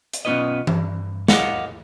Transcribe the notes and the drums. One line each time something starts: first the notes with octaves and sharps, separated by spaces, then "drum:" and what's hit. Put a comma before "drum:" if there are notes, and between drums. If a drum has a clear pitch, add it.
drum: hi-hat
B1 B3 C#4 F4 B4 D#5
G2, drum: tom E3
G4 A#4 C#5 D#5 F5 F#5, drum: snare